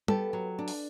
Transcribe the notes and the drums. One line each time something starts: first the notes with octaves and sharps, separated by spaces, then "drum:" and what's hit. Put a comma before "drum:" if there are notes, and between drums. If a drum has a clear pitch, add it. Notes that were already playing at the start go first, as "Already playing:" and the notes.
B3 G4 A4, drum: tom G3
F#3
D4
drum: open hi-hat